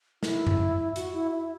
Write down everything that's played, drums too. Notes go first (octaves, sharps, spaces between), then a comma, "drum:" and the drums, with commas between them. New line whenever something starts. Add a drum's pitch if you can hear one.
E4, drum: snare
drum: tom F2
F#4, drum: hi-hat
E4
E4